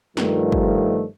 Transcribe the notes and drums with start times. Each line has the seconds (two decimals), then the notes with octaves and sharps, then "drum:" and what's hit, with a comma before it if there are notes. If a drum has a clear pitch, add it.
0.17 G2 D#3 F3 A3, drum: snare
0.52 drum: kick